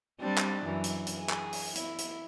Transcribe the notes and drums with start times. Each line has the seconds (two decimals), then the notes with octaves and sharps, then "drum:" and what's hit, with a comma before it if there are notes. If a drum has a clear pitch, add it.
0.21 G3 C4 D4
0.38 drum: clap
0.65 F#2 E3
0.84 drum: hi-hat
1.07 drum: hi-hat
1.18 G#4
1.30 drum: clap
1.52 drum: open hi-hat
1.75 E4, drum: hi-hat
1.98 drum: hi-hat